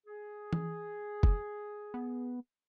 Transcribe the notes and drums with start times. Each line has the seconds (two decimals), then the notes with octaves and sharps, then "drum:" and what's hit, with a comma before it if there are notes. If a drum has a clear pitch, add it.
0.06 G#4
0.53 drum: tom E3
1.23 drum: kick
1.94 B3